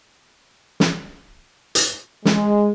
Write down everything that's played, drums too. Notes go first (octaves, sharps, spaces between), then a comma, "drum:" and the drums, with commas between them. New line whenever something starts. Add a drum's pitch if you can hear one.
drum: snare
drum: hi-hat
G#3, drum: snare